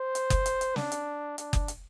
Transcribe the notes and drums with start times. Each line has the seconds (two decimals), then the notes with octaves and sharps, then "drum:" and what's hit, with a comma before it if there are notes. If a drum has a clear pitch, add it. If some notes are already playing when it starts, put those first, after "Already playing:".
Already playing: C5
0.15 drum: hi-hat
0.30 drum: kick F#1, hi-hat
0.46 drum: hi-hat
0.61 drum: hi-hat
0.76 D4, drum: snare
0.92 drum: hi-hat
1.38 D4, drum: hi-hat
1.53 drum: kick F#1, hi-hat
1.68 drum: hi-hat